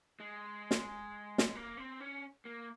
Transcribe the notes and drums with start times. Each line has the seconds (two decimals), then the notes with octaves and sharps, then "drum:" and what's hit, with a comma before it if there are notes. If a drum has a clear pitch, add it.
0.20 G#3
0.71 drum: snare
1.38 drum: snare
1.55 A#3
1.77 C4
2.00 C#4
2.45 A#3